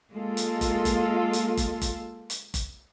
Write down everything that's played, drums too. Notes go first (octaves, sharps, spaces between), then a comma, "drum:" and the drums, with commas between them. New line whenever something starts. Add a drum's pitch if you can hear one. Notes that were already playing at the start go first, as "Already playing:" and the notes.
G#3 A#3 F4 A4
drum: hi-hat
drum: kick F#1, hi-hat
drum: kick F#1, hi-hat
drum: hi-hat
drum: kick F#1, hi-hat
drum: kick F#1, hi-hat
drum: hi-hat
drum: kick F#1, hi-hat